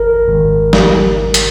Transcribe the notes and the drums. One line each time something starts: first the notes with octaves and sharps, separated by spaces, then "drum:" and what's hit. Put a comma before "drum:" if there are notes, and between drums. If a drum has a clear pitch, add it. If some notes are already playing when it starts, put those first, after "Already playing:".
Already playing: G#1 A#4
G#1
G#1, drum: snare
drum: hi-hat